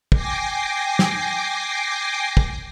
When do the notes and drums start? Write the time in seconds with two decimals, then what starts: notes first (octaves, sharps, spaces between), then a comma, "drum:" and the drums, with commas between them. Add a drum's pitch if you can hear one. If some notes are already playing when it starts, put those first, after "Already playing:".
0.12 G5 G#5 D6 A#6 C7, drum: kick
0.99 drum: snare
2.37 drum: kick